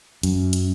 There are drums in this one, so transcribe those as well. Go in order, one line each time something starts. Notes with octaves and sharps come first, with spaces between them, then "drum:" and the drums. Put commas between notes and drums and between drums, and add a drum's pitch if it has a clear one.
F#2, drum: hi-hat
drum: hi-hat